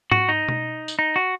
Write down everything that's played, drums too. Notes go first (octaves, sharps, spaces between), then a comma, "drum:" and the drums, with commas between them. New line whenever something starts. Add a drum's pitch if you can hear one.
F#4, drum: tom G#2
D#4
drum: tom B2
drum: tambourine
D#4
F#4